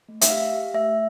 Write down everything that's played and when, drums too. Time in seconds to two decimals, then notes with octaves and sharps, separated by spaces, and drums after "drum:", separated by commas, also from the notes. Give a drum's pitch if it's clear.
0.09 A3
0.21 E5, drum: hi-hat
0.30 G4 F5
0.52 G4
0.74 A3 E5